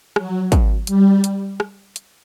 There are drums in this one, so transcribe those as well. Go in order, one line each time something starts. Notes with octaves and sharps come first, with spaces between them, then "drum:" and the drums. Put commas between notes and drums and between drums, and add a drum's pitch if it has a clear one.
F#3, drum: rim click
drum: kick, hi-hat
G3, drum: hi-hat
drum: hi-hat
drum: rim click
drum: hi-hat